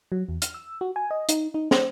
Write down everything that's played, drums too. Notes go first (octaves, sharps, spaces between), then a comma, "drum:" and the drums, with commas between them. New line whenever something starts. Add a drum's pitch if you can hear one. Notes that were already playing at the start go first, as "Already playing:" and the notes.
F#3
E2
F6, drum: hi-hat
E6
F#4
G#5
D#5
D#4, drum: hi-hat
D#4
C5, drum: snare